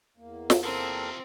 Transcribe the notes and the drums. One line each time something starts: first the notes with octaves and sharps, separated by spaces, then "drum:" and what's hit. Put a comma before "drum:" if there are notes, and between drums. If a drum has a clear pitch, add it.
E2 A#3
drum: snare
C3 F3 C4 A4 A#4